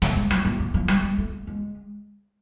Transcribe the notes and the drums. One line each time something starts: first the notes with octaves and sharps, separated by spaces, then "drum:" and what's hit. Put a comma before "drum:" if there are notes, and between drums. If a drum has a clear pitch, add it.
A3, drum: snare
G#3
F#3, drum: rim click
F#3
E3
F3
G3, drum: rim click
G#3
A3
G#3